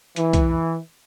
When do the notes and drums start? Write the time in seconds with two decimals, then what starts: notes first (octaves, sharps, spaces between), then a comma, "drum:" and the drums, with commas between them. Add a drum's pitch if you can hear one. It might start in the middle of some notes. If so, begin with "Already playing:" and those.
0.16 E3, drum: hi-hat
0.33 drum: kick B1, hi-hat